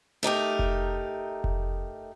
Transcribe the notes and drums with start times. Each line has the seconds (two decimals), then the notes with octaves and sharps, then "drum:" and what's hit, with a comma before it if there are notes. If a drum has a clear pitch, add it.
0.23 A3 D#4 G4 A#4
0.59 drum: kick F1
1.44 drum: kick F1